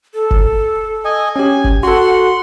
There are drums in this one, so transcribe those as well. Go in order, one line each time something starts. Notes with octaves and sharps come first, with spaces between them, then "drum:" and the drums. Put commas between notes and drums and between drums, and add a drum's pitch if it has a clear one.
A4
drum: kick F#1
D#5 G#5
C#4 G4 G#5
drum: kick F#1
F#4 A4 F#5 C6